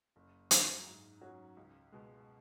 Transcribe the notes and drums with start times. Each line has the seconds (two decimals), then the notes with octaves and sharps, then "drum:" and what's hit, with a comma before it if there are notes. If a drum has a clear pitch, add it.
0.16 F#1
0.51 F#2 F#3 E4, drum: hi-hat
0.86 G#2
1.21 F#3 C#4 F#4
1.57 C#2
1.92 B2 G#3